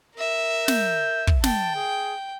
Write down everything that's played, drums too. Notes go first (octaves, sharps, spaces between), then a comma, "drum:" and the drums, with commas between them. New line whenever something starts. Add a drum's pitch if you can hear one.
A#4 E5
G6, drum: snare
drum: kick
G5 A5, drum: snare
G#4